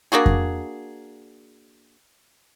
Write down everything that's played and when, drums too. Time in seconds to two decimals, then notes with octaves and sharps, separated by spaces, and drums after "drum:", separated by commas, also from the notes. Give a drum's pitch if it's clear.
0.12 A#3 D4 F#4 G#4
0.26 drum: kick F2